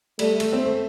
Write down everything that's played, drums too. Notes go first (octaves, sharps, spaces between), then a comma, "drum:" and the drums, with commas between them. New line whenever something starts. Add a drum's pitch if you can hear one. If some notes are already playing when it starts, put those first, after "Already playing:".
G3 A3, drum: cymbal
A3, drum: cymbal
C4
A3